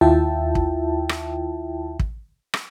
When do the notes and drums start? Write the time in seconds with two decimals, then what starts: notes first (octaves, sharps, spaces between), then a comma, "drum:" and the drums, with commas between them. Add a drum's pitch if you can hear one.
0.01 D#2 E4 F4 E5 G5 A5
0.55 drum: kick
1.09 drum: rim click
1.99 drum: kick
2.54 drum: rim click